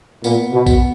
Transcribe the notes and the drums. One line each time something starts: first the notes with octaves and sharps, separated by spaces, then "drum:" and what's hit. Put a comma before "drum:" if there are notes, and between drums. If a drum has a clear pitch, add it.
A#2 B3, drum: tambourine
B2
B3, drum: kick A1, tambourine